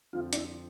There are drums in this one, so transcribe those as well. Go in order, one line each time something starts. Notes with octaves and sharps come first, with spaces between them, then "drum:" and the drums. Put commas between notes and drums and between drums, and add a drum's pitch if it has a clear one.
F2 D3 F3 C4 F4
D4, drum: hi-hat
E4